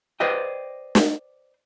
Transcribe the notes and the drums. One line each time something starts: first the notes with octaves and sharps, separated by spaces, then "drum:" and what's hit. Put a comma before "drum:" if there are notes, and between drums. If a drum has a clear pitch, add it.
B4 C5 D5 D#5 G5
drum: snare